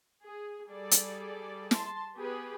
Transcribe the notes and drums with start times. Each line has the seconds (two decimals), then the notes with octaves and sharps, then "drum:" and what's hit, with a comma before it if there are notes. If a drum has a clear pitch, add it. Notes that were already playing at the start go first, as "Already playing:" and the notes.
0.24 G#4
0.67 G3 G#4 A4 D5
0.91 drum: hi-hat
1.71 A5 C6, drum: snare
2.15 B3 G4 G#4 B4